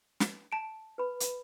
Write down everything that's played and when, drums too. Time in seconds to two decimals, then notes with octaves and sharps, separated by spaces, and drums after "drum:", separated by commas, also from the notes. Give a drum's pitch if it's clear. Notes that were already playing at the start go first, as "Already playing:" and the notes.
0.20 drum: snare
0.52 A5 D7
0.98 B4 B5
1.20 drum: hi-hat